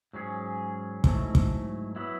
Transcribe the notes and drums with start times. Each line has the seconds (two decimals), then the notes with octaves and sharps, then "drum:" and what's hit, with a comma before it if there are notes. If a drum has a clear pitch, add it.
0.13 G#2 F#3 C#4 G#4
1.04 G#2 F#3 A3 E4, drum: kick
1.35 drum: kick
1.96 F#3 B3 E4 B4